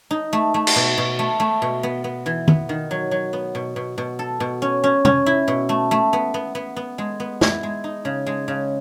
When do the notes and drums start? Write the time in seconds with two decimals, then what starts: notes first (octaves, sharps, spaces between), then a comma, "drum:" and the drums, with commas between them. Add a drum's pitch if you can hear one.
0.11 D#4
0.33 A3
0.54 A3
0.67 drum: cymbal
0.76 B2
0.98 B2
1.19 A3
1.40 A3
1.62 B2
1.83 B3
2.04 B3
2.26 E3
2.48 B3, drum: tom
2.69 D#3
2.91 F#3
3.11 F#3
3.33 B3
3.55 B2
3.76 B2
3.98 B2
4.19 A4
4.40 B2
4.62 C#4
4.84 C#4
5.05 C#4, drum: tom
5.26 E4
5.48 B2
5.69 A3
5.91 A3
6.13 B3
6.34 B3
6.55 B3
6.76 B3
6.98 G#3
7.20 B3
7.41 E4, drum: snare
7.63 G#3
7.84 D#4
8.05 C#3
8.27 G#3
8.48 C#3